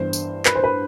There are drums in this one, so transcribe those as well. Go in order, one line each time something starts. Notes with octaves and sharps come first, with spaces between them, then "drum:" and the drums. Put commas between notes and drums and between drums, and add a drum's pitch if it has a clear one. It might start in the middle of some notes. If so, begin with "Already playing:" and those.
Already playing: G2 E3 B3 D4 C5
drum: tambourine
B4, drum: clap
C5
B4